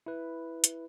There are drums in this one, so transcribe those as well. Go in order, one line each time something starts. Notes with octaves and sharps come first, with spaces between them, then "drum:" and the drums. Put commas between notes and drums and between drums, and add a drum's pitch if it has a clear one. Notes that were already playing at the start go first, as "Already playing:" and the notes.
E4 B4
drum: hi-hat